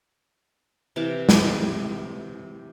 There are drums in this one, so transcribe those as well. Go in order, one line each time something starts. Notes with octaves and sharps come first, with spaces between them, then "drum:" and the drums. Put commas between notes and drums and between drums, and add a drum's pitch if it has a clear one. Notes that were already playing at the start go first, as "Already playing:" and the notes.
C3 E3 F5 D6
drum: snare